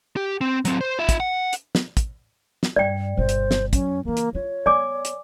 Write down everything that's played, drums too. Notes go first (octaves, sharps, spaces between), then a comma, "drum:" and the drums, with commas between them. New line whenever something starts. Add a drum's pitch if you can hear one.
G4
C4
F#3 C4, drum: hi-hat
C5
F4 E5
drum: kick, hi-hat
F#5
drum: hi-hat
drum: snare
drum: kick, hi-hat
drum: snare
G2 D5 G5
G1 B2 C5
drum: hi-hat
drum: snare
F#2 C#4, drum: kick, hi-hat
C#3 E3 A#3
drum: hi-hat
F4 C#5
B3 D5 G#5 D6
drum: hi-hat